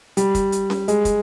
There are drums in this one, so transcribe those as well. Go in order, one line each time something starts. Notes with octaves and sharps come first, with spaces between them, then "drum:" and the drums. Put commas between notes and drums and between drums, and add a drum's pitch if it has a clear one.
G3, drum: hi-hat
drum: kick, hi-hat
drum: hi-hat
drum: snare C#4
G#3, drum: hi-hat
drum: kick, hi-hat